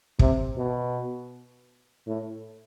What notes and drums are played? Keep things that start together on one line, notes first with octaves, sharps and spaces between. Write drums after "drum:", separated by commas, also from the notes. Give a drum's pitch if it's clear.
C3, drum: kick
B2
A2